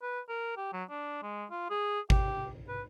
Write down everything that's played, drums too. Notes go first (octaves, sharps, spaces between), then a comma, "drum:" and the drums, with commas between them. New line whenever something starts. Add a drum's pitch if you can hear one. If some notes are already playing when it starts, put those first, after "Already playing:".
B4
A#4
G4
F#3
D4
G#3
F4
G#4
G4, drum: kick G#1
B4